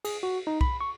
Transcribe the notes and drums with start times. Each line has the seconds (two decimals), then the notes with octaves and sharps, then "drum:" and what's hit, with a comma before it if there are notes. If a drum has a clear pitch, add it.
0.05 G#4, drum: cymbal
0.23 F#4
0.47 D#4
0.61 B5, drum: kick B1
0.81 C#6